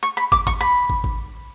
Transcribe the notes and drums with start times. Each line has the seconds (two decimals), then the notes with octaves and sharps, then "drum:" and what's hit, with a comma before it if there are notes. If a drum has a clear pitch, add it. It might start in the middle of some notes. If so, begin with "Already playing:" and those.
0.03 C#6
0.17 B5
0.32 D6, drum: kick
0.47 C#6, drum: kick
0.61 B5
0.90 drum: kick
1.04 drum: kick